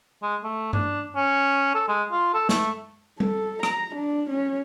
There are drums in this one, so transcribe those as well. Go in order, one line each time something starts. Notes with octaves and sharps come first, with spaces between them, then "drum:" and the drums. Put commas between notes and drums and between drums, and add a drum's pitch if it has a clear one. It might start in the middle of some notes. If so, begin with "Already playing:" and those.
G#3
A3
D4, drum: tom G2
C#4
A4
G#3
F4
A4
A3, drum: snare
A4, drum: tom G3
A#5, drum: rim click
D4
C#4